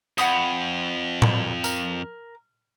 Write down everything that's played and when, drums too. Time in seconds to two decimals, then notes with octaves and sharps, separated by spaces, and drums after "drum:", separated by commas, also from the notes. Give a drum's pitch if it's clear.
0.18 F2 F#5 B5 D#6, drum: tambourine
1.22 drum: tom A2
1.64 A#4, drum: tambourine